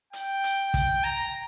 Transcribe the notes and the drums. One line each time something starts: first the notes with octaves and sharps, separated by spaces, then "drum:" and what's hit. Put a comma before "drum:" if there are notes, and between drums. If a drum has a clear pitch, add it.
G5, drum: hi-hat
drum: hi-hat
drum: kick, hi-hat
A#5